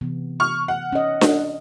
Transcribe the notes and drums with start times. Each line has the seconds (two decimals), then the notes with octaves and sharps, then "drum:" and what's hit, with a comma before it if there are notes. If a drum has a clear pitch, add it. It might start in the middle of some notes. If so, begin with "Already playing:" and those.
0.01 C3 E3 B3
0.40 C#6 F6
0.68 F#5
0.92 C#4 D#5
1.21 drum: snare D4